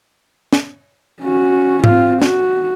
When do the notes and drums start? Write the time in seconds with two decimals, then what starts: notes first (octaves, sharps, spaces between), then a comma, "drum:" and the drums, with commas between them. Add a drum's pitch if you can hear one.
0.53 drum: snare
1.21 C#4 F#4
1.84 C4 F4, drum: tom G#2
2.22 F#4, drum: snare